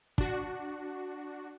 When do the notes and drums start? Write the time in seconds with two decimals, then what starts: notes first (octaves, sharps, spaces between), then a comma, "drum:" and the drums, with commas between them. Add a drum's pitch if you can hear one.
0.18 D4 F#4, drum: kick